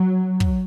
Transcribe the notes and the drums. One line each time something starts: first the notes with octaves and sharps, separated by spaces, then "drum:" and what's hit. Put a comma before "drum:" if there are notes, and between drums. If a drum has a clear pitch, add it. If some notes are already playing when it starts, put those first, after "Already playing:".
Already playing: F#3
drum: kick